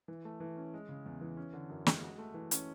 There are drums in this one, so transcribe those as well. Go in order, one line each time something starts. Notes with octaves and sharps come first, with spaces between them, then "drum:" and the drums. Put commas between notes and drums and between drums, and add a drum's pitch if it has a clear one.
E3
A3
E3
C#4
G#3
C#3
E2
E3
C#4
D3
F#2
G#3, drum: snare
F#4
A3
E3
C#4, drum: hi-hat